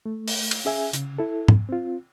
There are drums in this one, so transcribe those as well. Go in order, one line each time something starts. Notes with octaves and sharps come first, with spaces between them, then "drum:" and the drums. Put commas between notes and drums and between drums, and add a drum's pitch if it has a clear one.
A3
drum: open hi-hat
drum: cymbal
C#4 G#4 E5 G#5
C#3, drum: hi-hat
E4 A4
drum: tom
C4 F4